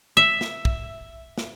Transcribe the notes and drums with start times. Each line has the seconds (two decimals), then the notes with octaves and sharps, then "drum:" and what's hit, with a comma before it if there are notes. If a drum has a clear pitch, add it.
0.17 E5
0.41 drum: snare
0.65 drum: kick
1.38 drum: snare